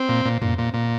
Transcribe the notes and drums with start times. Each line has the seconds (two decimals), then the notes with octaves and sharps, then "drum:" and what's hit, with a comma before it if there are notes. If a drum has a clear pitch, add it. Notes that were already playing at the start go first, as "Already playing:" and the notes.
Already playing: C4
0.09 A#2
0.25 A#2
0.42 A#2, drum: tom
0.58 A#2
0.74 A#2